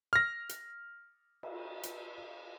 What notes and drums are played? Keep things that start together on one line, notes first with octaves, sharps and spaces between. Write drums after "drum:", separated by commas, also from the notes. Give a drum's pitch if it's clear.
F6 A#6
drum: hi-hat
drum: cymbal
drum: hi-hat